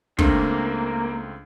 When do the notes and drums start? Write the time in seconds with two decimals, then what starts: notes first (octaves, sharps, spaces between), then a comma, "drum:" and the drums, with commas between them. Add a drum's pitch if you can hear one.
0.19 C#2 A3 A#3 C4 D4, drum: kick